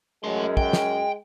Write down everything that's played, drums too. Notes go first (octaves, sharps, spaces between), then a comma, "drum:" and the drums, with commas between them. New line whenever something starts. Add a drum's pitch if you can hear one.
F#2 G#3 A3 C6
G5, drum: kick
drum: snare